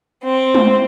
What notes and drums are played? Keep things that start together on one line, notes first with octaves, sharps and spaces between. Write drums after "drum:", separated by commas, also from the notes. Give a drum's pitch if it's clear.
C4
drum: tom G#3